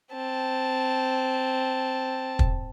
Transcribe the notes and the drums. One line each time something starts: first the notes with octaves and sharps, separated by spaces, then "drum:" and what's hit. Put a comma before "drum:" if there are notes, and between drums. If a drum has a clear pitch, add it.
C4 A5
drum: kick